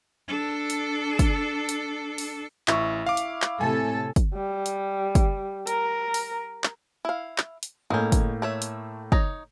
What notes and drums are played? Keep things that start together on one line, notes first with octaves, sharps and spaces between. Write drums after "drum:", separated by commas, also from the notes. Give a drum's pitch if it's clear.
D4 A4
drum: hi-hat
drum: kick, hi-hat
drum: hi-hat
drum: open hi-hat
A1 E4 C#6, drum: clap
F5 D6
drum: hi-hat
drum: clap
A2 C3 A4 G#5
drum: kick, hi-hat
G3
drum: hi-hat
drum: kick, hi-hat
A#4, drum: hi-hat
drum: open hi-hat
drum: clap
E4 F5
drum: clap
drum: hi-hat
A2 G#3 A#3 C#4 G6
drum: kick, hi-hat
A3 C#5 E5
drum: hi-hat
D#4 C#5 A#5, drum: kick